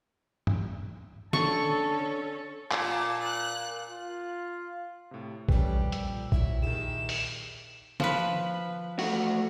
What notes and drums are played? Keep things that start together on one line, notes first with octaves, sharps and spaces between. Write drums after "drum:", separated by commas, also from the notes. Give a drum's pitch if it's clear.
drum: tom G2
D3 C#4 A4 C#5 A5 C#6, drum: snare
A#2 F4 A5, drum: clap
F#6
F4
A2 C3
E2 F3 G3 C#4 A4 B4 G5, drum: kick A#1
A#2 E6, drum: hi-hat
F#3 E4 E5, drum: kick A#1
D#3 E4 G4 G#4 E7
drum: open hi-hat
F3 B4, drum: snare
E2 A3 F#4, drum: open hi-hat